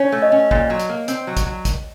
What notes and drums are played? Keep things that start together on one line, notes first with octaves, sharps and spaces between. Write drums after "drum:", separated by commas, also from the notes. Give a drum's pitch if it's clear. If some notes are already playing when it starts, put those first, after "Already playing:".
Already playing: C#4 C#5
A3
D#5
C#4
A#2, drum: kick A1
F#3
drum: hi-hat
A#3
C4, drum: hi-hat
F#3
drum: kick A1, hi-hat
F#3
drum: kick A1, hi-hat